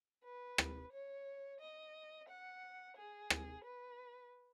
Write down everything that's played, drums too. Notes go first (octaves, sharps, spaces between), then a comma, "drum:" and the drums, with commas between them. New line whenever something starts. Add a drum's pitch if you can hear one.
B4
drum: rim click
C#5
D#5
F#5
G#4
drum: rim click
B4